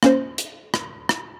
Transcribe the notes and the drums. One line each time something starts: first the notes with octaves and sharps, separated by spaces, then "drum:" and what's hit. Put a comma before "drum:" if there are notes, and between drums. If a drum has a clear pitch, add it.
A#3 C#4 C5, drum: rim click
drum: hi-hat
drum: rim click
drum: rim click